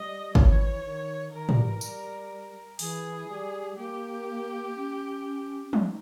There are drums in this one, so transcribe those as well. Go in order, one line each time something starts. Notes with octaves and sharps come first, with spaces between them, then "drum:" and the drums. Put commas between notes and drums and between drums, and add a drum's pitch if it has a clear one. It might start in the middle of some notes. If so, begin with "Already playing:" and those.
Already playing: G3 D#5
E3 C#5, drum: kick
D#3
D#3 A#4
G3, drum: tom
E3
G3, drum: tambourine
E3 G#4, drum: open hi-hat
G3
A#3 G4
C#4
D#4, drum: tom